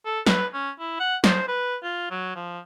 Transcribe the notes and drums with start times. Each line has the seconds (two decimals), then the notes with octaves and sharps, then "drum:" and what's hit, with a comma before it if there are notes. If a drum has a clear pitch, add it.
0.06 A4
0.27 B4, drum: snare
0.54 C#4
0.79 E4
1.00 F#5
1.24 C5, drum: snare
1.48 B4
1.83 F4
2.11 F#3
2.35 F3